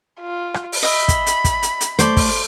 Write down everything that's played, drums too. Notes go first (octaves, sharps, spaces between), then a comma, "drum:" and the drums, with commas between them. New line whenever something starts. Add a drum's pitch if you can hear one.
F4
drum: rim click
drum: open hi-hat
D#5 E5 B5
drum: kick, hi-hat
drum: hi-hat
drum: kick, hi-hat
drum: hi-hat
drum: hi-hat
A3 C5 D5 C6, drum: hi-hat
drum: kick, open hi-hat